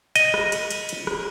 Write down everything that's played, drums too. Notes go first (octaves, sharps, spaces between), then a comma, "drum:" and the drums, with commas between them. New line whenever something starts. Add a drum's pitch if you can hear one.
D#5, drum: cymbal
drum: rim click
drum: cymbal
drum: cymbal
drum: cymbal
drum: rim click